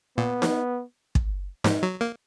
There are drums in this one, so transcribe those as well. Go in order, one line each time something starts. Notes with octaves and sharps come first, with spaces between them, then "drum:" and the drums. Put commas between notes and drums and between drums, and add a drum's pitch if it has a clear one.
A#2 B3
drum: snare D#4
drum: kick
G#2, drum: snare D#4
F#3
A#3